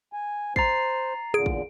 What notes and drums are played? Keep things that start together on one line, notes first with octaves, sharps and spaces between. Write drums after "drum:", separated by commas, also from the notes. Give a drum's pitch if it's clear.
G#5
C5 A#5 A6 C7, drum: kick
E2 A#2 D3 G#4 D7
drum: kick